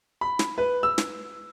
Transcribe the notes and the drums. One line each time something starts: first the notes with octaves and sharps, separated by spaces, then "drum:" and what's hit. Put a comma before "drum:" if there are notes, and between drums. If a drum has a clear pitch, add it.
B5
drum: snare
B4
E6
drum: snare